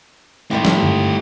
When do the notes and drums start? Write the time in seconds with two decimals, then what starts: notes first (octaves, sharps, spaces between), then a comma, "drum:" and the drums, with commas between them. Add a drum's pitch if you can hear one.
0.51 A2 D#3 G3 E4 G4
0.65 drum: snare
0.83 G2 D3